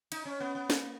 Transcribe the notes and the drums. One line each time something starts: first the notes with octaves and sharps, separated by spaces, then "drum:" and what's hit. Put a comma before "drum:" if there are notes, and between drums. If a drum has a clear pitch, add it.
D#4, drum: cymbal
C#4
B3
B3
A#3, drum: snare